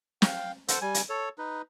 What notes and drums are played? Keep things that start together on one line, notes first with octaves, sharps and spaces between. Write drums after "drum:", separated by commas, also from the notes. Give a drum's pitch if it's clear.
F5 G5, drum: snare
A4 C5 F#5, drum: hi-hat
G3 G#5
drum: hi-hat
A4 C#5
D#4 B4